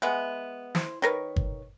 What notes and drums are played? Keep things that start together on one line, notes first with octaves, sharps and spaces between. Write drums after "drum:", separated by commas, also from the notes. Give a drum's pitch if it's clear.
G#3 B3 E5 F#5
E4 C5, drum: snare
D#3 A#4 B4 C#5
drum: kick G1